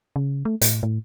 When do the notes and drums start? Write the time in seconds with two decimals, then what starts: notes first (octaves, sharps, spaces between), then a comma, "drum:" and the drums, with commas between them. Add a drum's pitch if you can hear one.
0.16 C#3
0.45 A3
0.61 A2, drum: hi-hat
0.83 A2